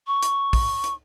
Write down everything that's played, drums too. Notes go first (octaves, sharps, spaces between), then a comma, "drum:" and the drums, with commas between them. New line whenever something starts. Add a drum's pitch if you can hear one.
C#6
drum: hi-hat
drum: kick, open hi-hat
drum: hi-hat